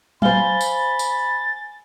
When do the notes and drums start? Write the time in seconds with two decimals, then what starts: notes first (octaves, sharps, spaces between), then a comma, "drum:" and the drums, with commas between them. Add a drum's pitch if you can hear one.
0.22 C5 F5 G#5 B5 A6 G7, drum: tom F#3
0.61 drum: tambourine
0.99 drum: tambourine